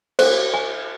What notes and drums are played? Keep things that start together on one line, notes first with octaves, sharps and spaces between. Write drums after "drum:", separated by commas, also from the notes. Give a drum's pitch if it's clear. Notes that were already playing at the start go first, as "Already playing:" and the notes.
C5, drum: cymbal
G#5